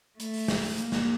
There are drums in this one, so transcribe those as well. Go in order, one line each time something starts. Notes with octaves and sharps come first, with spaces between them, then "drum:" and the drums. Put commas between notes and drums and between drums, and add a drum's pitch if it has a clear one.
A3, drum: hi-hat
drum: open hi-hat
drum: snare
drum: open hi-hat
A#3, drum: hi-hat
drum: snare